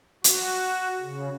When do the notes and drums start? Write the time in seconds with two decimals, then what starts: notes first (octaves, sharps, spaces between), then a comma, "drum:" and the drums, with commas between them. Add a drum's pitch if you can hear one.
0.24 F#4, drum: hi-hat
1.01 C#3